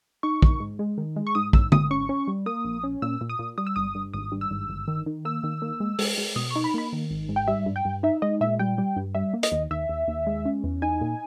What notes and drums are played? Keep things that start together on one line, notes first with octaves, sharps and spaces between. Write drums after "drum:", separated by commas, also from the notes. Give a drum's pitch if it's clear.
D#4 C#6
D#3, drum: kick
G#2
G#3
D#3
G#3
C#6
G#2 D#6
G#1 E6, drum: kick
G#1 D#6, drum: tom D3
C#4 C#6
C#4
G3
A#3 D#6
A#1
C#4
A#2 E6
A#2
D#6
A#2
G3 D#6
E6
G1 D#6
G2
G#1 D#6
G2
E6
G#1
G1
D#3
D#3
A#3 E6
D#3
A#3
G#3
G#3, drum: open hi-hat
G#3
B2 D#6
C#6
D#4
B5
A#3 B5
D#3
G#1
G#2
G5
G3 E5
G2
G5
G2
D#4 E5
G#3 D#5
A#2 E5
G3 G5
G3
G2
G3 E5
A#3
D#5, drum: hi-hat
D#2
D#2 E5
D#2
D#2
G#3
C#4
E2
D#4 G#5
A#2